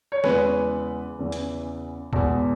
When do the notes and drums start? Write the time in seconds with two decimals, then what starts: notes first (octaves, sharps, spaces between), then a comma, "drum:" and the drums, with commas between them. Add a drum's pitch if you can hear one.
0.12 C#5
0.24 E2 C#3 E3 G#3 B4, drum: snare
1.19 E2 C#3 E3
1.32 drum: hi-hat
2.13 E2 B2 G#3, drum: kick